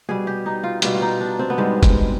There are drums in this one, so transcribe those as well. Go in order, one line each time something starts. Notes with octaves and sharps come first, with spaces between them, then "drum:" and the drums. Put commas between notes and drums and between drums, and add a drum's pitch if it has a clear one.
B2 G3 G#4
G4
D#4
F4
B2 G3 F4, drum: hi-hat
F4
D#4
D4
C4
B3
G#2 G3 G#3
G#3, drum: kick F#1, hi-hat